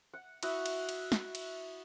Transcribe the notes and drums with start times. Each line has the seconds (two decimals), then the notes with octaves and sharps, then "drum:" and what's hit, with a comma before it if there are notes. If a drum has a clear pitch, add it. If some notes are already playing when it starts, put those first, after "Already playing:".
0.14 F#5
0.43 E4 F#4 D#5 F#5, drum: cymbal
0.66 drum: cymbal
0.89 drum: cymbal
1.12 drum: snare
1.35 drum: cymbal